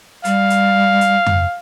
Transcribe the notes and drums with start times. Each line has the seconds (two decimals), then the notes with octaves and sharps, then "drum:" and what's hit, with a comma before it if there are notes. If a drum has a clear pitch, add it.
0.25 G3 F5, drum: hi-hat
0.50 drum: hi-hat
1.01 drum: hi-hat
1.26 drum: tom F2